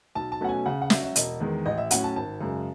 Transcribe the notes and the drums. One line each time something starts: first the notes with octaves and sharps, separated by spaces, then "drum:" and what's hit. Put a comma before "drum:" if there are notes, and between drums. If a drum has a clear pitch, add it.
B1 A5
A5
B2 F#3 A3 C#4 F#5
G#5
C#3 F#5
F#5
F#3 C#4 F#4 E5, drum: snare
E5
E1 D#5, drum: hi-hat
E2 D#3 G#3
A1 D#5
E5
A2 F#3 C#4 F#4 F#5, drum: hi-hat
A5
G#1 A5
F#2 C#3 G#3